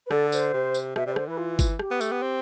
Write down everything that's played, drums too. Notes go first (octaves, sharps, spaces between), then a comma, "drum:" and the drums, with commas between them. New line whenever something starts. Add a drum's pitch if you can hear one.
B4
D3 A4, drum: rim click
C5, drum: tambourine
C3
drum: tambourine
B2 E5, drum: rim click
C3 D5
B4
D3 C5, drum: rim click
E3 B4
F4
drum: kick G1, tambourine
G4, drum: rim click
B3
A3, drum: tambourine
B3
C4